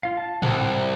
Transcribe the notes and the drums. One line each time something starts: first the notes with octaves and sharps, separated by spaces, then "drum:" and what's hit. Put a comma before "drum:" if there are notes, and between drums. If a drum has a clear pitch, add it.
F4 F5
A5
C2 F#5 G5, drum: tom G#2